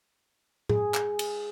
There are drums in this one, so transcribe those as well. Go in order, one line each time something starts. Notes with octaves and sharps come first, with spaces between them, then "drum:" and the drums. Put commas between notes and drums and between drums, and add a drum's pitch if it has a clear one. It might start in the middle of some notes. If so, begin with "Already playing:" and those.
G#4, drum: tom A2
drum: clap
drum: cymbal